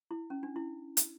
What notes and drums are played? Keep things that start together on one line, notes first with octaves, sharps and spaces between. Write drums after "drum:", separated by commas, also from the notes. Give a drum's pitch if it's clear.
E4
C#4
D4
E4
drum: hi-hat